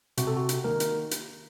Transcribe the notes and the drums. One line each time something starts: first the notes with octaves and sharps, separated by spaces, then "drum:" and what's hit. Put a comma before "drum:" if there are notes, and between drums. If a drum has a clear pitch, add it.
C3 F#4, drum: hi-hat
A4
F#4
drum: hi-hat
D#3 A#3 A#4
drum: hi-hat
drum: hi-hat